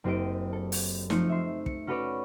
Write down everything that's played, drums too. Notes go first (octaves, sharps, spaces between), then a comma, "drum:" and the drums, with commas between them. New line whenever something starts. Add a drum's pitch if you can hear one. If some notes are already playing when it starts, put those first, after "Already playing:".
F#1 C4 G4 D#5 D7
A4
drum: open hi-hat
F3 A3 C4 D#4 C#7, drum: snare
E5 C6
C#7, drum: kick
C#4 F#4 A4 B4 C#5 D5